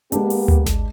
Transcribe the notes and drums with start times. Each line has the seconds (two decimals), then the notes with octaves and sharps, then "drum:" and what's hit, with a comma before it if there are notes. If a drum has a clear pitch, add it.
0.12 G#3 A#3 B3 D4 G4, drum: hi-hat
0.30 drum: open hi-hat
0.48 drum: tom D2
0.66 drum: snare G#1